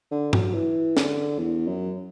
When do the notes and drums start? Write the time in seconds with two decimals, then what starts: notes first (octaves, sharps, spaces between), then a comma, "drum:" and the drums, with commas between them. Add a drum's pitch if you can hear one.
0.11 D3
0.33 F#3, drum: tom
0.54 E3
0.97 D3, drum: snare
1.39 E2
1.67 F#2